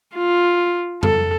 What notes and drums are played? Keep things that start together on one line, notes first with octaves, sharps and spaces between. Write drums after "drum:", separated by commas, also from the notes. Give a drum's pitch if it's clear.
F4
A4, drum: tom F2